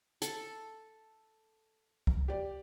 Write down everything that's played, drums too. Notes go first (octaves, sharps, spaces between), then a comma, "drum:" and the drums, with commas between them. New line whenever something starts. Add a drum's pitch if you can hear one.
A4, drum: hi-hat
drum: kick
G4 D5